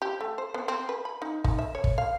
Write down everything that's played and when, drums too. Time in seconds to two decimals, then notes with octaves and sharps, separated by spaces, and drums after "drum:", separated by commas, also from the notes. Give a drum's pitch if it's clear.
0.02 G4
0.21 A3
0.38 C5
0.54 B3
0.68 C4
0.89 B4
1.05 B5
1.22 D#4
1.44 D#4, drum: kick
1.59 E5
1.75 C#5
1.84 drum: kick
1.98 F5